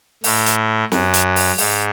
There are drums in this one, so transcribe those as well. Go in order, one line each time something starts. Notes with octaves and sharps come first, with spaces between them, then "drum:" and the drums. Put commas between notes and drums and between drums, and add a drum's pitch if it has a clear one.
A2, drum: open hi-hat
drum: hi-hat
F#2, drum: snare
drum: hi-hat
drum: open hi-hat
G#2, drum: open hi-hat